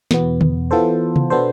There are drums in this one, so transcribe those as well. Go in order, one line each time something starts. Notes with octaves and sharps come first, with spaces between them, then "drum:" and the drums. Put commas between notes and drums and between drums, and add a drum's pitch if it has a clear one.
E2 B2 B3, drum: snare
drum: tom
E3 B3 F4 A4 C5
drum: tom C3
B2 B3 D4 A4 C5